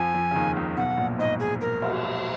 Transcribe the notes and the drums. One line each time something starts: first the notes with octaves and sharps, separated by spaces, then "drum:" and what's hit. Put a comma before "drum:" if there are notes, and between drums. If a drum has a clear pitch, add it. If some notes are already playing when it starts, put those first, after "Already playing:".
Already playing: F2 F3 G#5
F2 F3
C#3
D#2 D#3
C#2 C#3
B1 B2 F#5
A#1 A#2
G#1 G#2 D#5
G#4
A#4
drum: cymbal